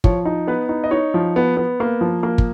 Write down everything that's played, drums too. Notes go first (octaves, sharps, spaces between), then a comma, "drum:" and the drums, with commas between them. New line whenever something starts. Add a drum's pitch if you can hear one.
F3 C#5, drum: kick
D#4
B3 B4
D#4
D#5
D#4 C#5
F3
B3
B3
A#3
F3
A#3
drum: kick